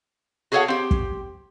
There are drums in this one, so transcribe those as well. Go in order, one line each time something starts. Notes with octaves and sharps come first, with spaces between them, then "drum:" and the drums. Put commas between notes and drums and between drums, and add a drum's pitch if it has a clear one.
F#4 G#4 A4 C#5 F5 F#5
C4 G4
drum: kick